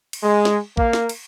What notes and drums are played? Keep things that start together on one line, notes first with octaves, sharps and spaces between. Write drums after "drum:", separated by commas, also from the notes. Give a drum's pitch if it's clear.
drum: cymbal
G#3
drum: snare
A#3, drum: kick A1
drum: snare
drum: cymbal